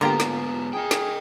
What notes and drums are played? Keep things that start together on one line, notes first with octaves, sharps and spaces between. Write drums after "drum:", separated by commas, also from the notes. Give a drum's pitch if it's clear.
G#2 D3 A#3 B3 F4 G4 A#5
drum: snare
G#4 D#5 G5
drum: snare